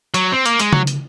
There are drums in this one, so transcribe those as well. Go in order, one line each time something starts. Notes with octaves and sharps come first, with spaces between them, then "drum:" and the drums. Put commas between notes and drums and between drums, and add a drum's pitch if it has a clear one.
F#3, drum: hi-hat
C4
A#3, drum: hi-hat
G#3, drum: hi-hat
F#3, drum: tom C#3
drum: hi-hat